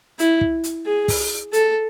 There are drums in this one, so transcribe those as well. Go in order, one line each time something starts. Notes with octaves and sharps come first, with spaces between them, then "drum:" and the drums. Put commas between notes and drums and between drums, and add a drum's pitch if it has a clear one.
E4, drum: hi-hat
drum: kick
drum: hi-hat
G#4
drum: kick, open hi-hat
A4, drum: hi-hat